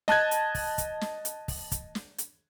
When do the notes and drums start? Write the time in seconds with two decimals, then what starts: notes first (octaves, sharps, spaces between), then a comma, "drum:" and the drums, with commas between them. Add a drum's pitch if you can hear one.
0.08 D#5 A5 F#6 G#6, drum: snare
0.31 drum: hi-hat
0.55 drum: kick, open hi-hat
0.78 drum: kick, hi-hat
1.01 drum: snare
1.25 drum: hi-hat
1.48 drum: kick, open hi-hat
1.72 drum: kick, hi-hat
1.95 drum: snare
2.18 drum: hi-hat